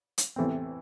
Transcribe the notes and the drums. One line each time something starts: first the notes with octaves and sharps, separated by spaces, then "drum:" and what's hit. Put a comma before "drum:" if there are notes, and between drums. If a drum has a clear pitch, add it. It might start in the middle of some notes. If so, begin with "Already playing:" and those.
drum: hi-hat
E2 C3 E3 A3 C4